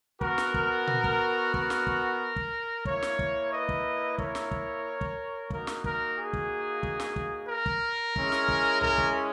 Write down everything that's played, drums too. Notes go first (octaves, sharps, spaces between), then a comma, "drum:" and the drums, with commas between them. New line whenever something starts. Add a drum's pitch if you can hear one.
B3 F#4 A#4, drum: kick
drum: snare
drum: kick
drum: tom A#2
drum: kick
A#4, drum: kick
drum: snare
drum: kick
drum: kick
A#3 E4 A#4 C#5, drum: kick
drum: snare
drum: kick
B4 D#5
drum: kick
A#4 C#5, drum: kick
drum: snare
drum: kick
drum: kick
A#3 D#4 F#4 A#4, drum: kick
drum: snare
A#4, drum: kick
G#4
drum: kick
drum: kick
drum: snare
drum: kick
A#4
drum: kick
G#3 C#4 E4, drum: kick
drum: snare
drum: kick
A#4, drum: tom B1
drum: kick